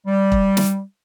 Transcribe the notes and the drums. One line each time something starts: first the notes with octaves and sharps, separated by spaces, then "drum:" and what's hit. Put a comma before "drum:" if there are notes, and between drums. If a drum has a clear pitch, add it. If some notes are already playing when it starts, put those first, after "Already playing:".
G3
drum: kick E1
drum: snare